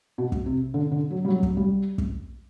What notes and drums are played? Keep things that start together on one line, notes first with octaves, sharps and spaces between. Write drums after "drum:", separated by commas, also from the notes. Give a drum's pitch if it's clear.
B2
drum: kick
C3
D3
D3
F#3
G3
F#3
drum: kick
G3
drum: kick